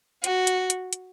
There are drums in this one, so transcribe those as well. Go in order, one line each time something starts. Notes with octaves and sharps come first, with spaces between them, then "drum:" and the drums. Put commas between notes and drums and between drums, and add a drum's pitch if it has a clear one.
F#4, drum: hi-hat
drum: hi-hat
drum: hi-hat
drum: hi-hat